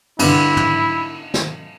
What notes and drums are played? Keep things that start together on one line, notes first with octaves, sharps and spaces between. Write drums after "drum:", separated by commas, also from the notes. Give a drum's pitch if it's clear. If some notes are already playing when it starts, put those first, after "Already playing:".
G2 D3 E4, drum: cymbal
drum: tom
drum: snare